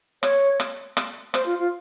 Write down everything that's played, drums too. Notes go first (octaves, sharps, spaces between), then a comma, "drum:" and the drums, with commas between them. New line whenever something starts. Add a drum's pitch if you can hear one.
C#5, drum: rim click
drum: rim click
drum: rim click
C5, drum: rim click
F4
F4